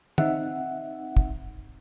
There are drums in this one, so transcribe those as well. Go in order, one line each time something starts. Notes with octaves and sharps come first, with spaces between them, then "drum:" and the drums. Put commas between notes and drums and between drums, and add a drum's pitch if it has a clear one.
C4 D#4 E5 F#5, drum: tom
drum: kick